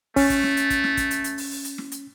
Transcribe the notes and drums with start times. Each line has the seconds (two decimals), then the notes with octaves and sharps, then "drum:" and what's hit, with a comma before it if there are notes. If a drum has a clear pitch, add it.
0.16 A3 C#4, drum: kick, open hi-hat
0.30 drum: kick, hi-hat
0.43 drum: snare
0.57 drum: hi-hat
0.70 drum: kick, hi-hat
0.84 drum: snare
0.97 drum: kick, hi-hat
1.11 drum: hi-hat
1.24 drum: hi-hat
1.38 drum: open hi-hat
1.51 drum: open hi-hat
1.65 drum: hi-hat
1.78 drum: snare
1.92 drum: hi-hat